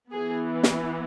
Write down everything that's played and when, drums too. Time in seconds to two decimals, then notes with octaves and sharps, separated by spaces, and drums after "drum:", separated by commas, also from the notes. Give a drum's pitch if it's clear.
0.12 E3 B3 G#4
0.63 drum: snare